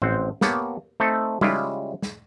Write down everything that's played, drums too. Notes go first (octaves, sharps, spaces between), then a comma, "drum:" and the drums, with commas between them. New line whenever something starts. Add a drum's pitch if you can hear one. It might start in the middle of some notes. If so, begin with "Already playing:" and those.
A1 C4 C5 F#5, drum: tom A2
A#3 B3 G4 C#5 A5, drum: snare
A3 C4 D#4 A4
C#3 G3 G#3 E4 F4, drum: tom G3
drum: snare